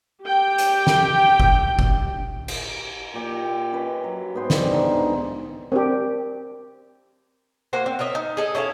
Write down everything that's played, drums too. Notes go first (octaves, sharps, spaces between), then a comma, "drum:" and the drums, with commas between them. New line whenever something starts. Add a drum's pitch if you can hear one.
G4 G5
drum: hi-hat
drum: snare
drum: kick F#1
drum: kick F#1
drum: cymbal
A#2 G4 G5
C#4 B4 D#5
F#3
G#2 B3 C5 G#5
G3, drum: snare
G#2 D3 E3 D#4
C4 D4 G4 A#4
A#3 F#4 C5
C4
A#4 C#5 D#5 E5
D#4
G#4 A4 D#5
C#4 E4 A4 F5